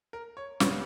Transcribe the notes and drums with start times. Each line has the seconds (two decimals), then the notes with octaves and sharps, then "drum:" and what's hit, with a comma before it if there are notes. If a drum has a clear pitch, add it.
0.13 A#4
0.37 C#5
0.60 C#2 C#3 G3 B3 C#5, drum: snare